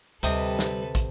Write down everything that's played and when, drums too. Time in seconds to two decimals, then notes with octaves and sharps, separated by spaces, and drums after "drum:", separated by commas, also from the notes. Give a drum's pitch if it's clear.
0.23 D2 C3 G3 A4 B4 D#5, drum: hi-hat
0.59 drum: snare
0.95 drum: kick, hi-hat